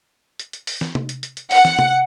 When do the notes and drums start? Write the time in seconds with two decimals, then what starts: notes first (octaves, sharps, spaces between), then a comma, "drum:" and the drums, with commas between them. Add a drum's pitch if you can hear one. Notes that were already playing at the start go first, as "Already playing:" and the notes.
0.39 drum: hi-hat
0.53 drum: hi-hat
0.67 drum: open hi-hat
0.81 drum: snare
0.95 drum: tom C3
1.09 drum: hi-hat
1.23 drum: hi-hat
1.37 drum: hi-hat
1.51 F#5, drum: open hi-hat
1.65 drum: snare
1.79 drum: tom C3